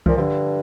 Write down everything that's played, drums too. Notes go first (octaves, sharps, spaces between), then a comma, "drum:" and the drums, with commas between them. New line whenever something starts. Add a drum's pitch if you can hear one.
A#2 F3, drum: kick C2
G2 D3